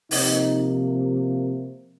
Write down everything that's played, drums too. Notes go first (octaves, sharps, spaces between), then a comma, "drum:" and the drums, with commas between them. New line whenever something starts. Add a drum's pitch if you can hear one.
C3 F3 A#3 D#4, drum: open hi-hat